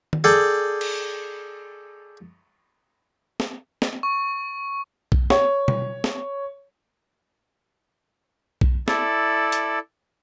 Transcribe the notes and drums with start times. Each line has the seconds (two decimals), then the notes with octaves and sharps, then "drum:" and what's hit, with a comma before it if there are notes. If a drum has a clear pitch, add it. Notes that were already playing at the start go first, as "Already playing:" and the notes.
0.13 drum: tom D#3
0.24 G#4 A4 D5 G5
0.81 drum: cymbal
3.40 drum: snare
3.82 drum: snare
4.03 C#6
5.12 drum: kick B1
5.30 C#5, drum: snare
5.68 drum: tom B2
6.04 drum: snare
8.61 drum: kick B1
8.88 E4 A4 D5, drum: snare
9.52 drum: hi-hat